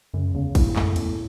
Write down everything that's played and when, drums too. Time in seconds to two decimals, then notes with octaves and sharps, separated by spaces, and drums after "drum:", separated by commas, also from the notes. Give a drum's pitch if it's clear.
0.14 F#2 C#3
0.34 E2 C#3
0.55 E2 A2, drum: kick, cymbal
0.76 F#2 A3, drum: clap
0.96 E2 A2, drum: cymbal